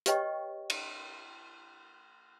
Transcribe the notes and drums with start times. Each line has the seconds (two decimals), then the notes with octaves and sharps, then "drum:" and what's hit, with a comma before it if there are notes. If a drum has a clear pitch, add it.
0.06 G4 B4 C#5 D#5 G5 C#6, drum: hi-hat
0.70 drum: cymbal